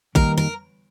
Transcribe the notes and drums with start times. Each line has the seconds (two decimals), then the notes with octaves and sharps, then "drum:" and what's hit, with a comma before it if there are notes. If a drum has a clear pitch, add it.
0.15 D#3 G3 A#3 D#4 A#4, drum: kick A1
0.37 A#4